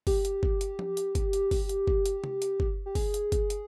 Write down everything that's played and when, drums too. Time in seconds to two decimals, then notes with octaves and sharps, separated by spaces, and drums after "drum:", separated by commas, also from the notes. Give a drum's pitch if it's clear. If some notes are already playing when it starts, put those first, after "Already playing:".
0.07 G4, drum: kick G1, open hi-hat
0.25 drum: hi-hat
0.43 drum: kick G1
0.61 drum: hi-hat
0.79 drum: tom F3
0.97 drum: hi-hat
1.15 drum: kick G1, hi-hat
1.33 drum: hi-hat
1.51 drum: kick G1, open hi-hat
1.69 drum: hi-hat
1.87 drum: kick G1
2.06 drum: hi-hat
2.24 drum: tom C3
2.42 drum: hi-hat
2.60 drum: kick G1
2.86 G4
2.95 G#4, drum: kick G1, open hi-hat
3.14 drum: hi-hat
3.32 drum: kick G1, hi-hat
3.50 drum: hi-hat